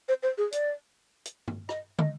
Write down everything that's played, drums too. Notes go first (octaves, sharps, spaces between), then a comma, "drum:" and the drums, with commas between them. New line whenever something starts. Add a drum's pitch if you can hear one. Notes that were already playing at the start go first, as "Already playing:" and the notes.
C5
C5
G#4
D5, drum: hi-hat
drum: hi-hat
drum: tom G2
D#5, drum: rim click
D#5, drum: tom